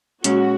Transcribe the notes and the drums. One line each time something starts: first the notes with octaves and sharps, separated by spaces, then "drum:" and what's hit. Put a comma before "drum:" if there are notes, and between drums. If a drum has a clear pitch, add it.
A#2 G#3 C#4 F#4, drum: hi-hat